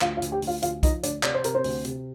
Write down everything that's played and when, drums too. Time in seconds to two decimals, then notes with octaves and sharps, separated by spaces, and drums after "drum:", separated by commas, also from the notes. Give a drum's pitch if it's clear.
0.01 D2 F4 F5, drum: clap
0.17 F4 F5
0.22 D2, drum: hi-hat
0.32 G4 G5
0.42 D2, drum: open hi-hat
0.47 F4 F5
0.62 D2 F4 F5, drum: hi-hat
0.83 F3 D#4 D#5, drum: kick B1, hi-hat
1.03 D2 D4 D5, drum: hi-hat
1.23 C3 D5, drum: clap
1.34 C5
1.44 C3 A#4, drum: hi-hat
1.54 C4 C5
1.64 D2, drum: open hi-hat
1.84 C3, drum: hi-hat